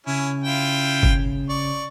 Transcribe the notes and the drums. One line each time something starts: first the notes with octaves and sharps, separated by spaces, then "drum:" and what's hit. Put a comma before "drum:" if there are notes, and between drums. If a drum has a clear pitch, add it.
C#3 C#4 E4
E4 F4 G5
drum: kick G1
D5 C#6